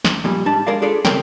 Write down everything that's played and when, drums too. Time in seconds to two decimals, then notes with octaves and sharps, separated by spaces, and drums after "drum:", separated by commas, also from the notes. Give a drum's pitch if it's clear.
0.05 drum: snare
0.24 F2 A#2 G3
0.46 G#2 G3 D4 A5
0.67 G#3 A#4 D5 F5
0.82 D4 F4 G#4 A4 B4 D5
1.05 G2 C#3 C4 A#4 C#5 G5, drum: snare